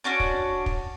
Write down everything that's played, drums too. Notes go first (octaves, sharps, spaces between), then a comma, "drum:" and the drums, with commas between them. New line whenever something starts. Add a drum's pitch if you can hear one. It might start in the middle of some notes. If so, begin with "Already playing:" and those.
C#4 D4 F#4 D5
drum: kick
drum: kick